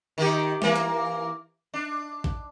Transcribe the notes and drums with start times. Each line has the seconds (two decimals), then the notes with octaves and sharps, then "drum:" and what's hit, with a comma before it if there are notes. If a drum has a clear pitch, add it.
0.18 D#3 D#4 G4
0.62 E3 A#3, drum: snare
0.76 drum: hi-hat
1.74 D4
2.24 drum: kick A#1